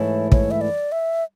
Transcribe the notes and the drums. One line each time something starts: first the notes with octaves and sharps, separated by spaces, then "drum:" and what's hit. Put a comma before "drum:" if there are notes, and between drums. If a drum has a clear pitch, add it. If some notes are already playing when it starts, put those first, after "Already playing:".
Already playing: G#2 E3 A3 E4 C#5
C#5, drum: kick
E5
D5
E5